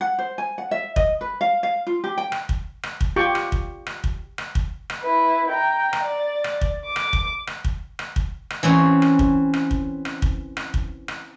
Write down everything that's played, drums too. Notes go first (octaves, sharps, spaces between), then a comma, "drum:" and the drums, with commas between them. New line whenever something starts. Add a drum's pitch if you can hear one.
F#5
C5
G#5
F#5
E5
D#5, drum: kick
B4
F5
F5
F4
G4
G5
drum: rim click
drum: kick
drum: rim click
drum: kick
F4 G4 G5 C#6 D6
drum: rim click
drum: kick
drum: rim click
drum: kick
drum: rim click
drum: kick
drum: rim click
E4 B4
G5 A#5
drum: rim click
D5
drum: rim click
drum: kick
D6
drum: rim click
drum: kick
drum: rim click
drum: kick
drum: rim click
drum: kick
drum: rim click
E3 C4 C#4
drum: rim click
drum: kick
drum: rim click
drum: kick
drum: rim click
drum: kick
drum: rim click
drum: kick
drum: rim click